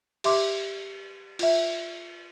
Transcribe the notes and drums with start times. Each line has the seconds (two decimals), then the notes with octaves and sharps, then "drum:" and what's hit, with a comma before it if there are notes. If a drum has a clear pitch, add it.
0.24 G4 E5 C6 D6, drum: cymbal
1.39 F4 E5, drum: cymbal